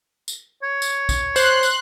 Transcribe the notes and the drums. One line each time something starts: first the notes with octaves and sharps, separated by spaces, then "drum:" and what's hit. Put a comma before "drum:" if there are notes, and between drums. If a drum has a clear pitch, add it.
drum: tambourine
C#5
drum: tambourine
drum: kick, tambourine
C5 C6 F#6, drum: tambourine
drum: tambourine